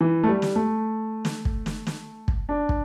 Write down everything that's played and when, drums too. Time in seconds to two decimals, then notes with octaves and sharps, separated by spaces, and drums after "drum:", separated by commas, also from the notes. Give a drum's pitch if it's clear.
0.01 E3
0.23 A3
0.28 G3
0.42 drum: snare
0.56 A3
1.25 drum: snare
1.45 drum: kick
1.66 drum: snare
1.87 drum: snare
2.28 drum: kick
2.49 D4
2.69 drum: kick